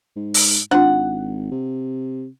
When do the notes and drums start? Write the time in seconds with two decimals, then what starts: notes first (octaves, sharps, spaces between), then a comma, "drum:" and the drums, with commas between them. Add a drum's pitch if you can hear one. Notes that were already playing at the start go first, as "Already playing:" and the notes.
0.16 G#2
0.34 drum: open hi-hat
0.71 G#1 D4 F4 F#5
1.51 C3